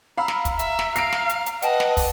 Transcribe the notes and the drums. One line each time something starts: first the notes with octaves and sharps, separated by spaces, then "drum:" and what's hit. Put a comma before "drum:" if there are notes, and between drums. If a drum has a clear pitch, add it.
F5 A#5 B5 E6
drum: snare
drum: kick, hi-hat
E5, drum: hi-hat
drum: snare
F5 E6 A#6 C7 D7, drum: hi-hat
drum: snare
drum: hi-hat
drum: hi-hat
B4 D#5 F#5 G5 A5, drum: hi-hat
drum: snare
drum: kick, open hi-hat